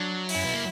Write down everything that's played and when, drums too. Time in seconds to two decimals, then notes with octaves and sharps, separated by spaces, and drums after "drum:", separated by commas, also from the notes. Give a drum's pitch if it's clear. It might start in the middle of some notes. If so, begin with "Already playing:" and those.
Already playing: F#3 D4
0.29 E4, drum: open hi-hat
0.35 C#4
0.45 B3
0.54 A#3